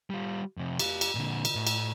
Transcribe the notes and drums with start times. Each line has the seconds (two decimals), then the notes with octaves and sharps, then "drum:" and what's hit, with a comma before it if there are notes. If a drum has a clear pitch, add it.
0.10 G3 F4
0.57 F2 C3
0.79 G4 F5, drum: cymbal
1.01 drum: cymbal
1.15 A#2 D3
1.45 drum: cymbal
1.55 A2
1.67 drum: cymbal